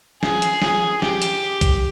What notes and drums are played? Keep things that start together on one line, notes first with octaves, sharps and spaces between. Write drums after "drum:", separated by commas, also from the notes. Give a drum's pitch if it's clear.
G#4, drum: snare
drum: hi-hat
G#4, drum: snare
G4, drum: snare
drum: hi-hat
drum: kick, hi-hat